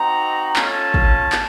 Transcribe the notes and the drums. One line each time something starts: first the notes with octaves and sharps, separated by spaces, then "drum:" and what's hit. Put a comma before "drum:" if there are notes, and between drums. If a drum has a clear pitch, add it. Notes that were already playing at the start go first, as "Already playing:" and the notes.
Already playing: C4 D#4 F#4 A#5
A3 C#4 F4 A5, drum: clap
drum: kick
drum: clap